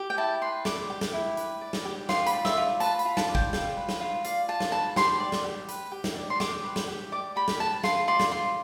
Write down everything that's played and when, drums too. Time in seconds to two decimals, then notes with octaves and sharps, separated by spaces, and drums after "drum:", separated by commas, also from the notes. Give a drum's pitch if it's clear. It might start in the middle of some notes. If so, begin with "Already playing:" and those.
Already playing: G4
0.10 G5
0.17 E4 A5
0.42 B4 C6
0.65 D5 D6, drum: snare
0.90 G4
1.01 drum: snare
1.13 E4
1.37 B4, drum: hi-hat
1.61 D5
1.73 drum: snare
1.85 G4
2.09 F4 C6, drum: snare
2.26 B5, drum: hi-hat
2.33 D5
2.45 E5, drum: snare
2.57 F4
2.80 B4 A5, drum: hi-hat
2.99 B5, drum: hi-hat
3.05 F4
3.17 A5, drum: snare
3.29 D5
3.35 G5, drum: kick
3.53 F4, drum: snare
3.77 B4
3.89 drum: snare
4.01 F4
4.24 D5 F5, drum: hi-hat
4.48 F4 A5
4.60 drum: snare
4.72 B4 A5
4.96 G4 C6, drum: snare
5.20 D5
5.32 drum: snare
5.44 G4
5.68 B4, drum: hi-hat
5.92 G4
6.04 drum: snare
6.16 D5
6.30 C6
6.40 G4 D6, drum: snare
6.64 B4
6.76 drum: snare
6.88 G4
7.12 D5 D6
7.36 G4 B5
7.48 drum: snare
7.60 B4 A5
7.83 F4 C6, drum: snare
8.07 D5 C6
8.20 drum: snare
8.31 F4 C6